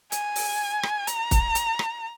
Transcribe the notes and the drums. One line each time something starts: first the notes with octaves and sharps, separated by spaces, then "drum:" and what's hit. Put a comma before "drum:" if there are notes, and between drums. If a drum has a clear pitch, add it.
G#5, drum: hi-hat
drum: open hi-hat
drum: rim click
A#5, drum: hi-hat
drum: kick, hi-hat
drum: hi-hat
drum: rim click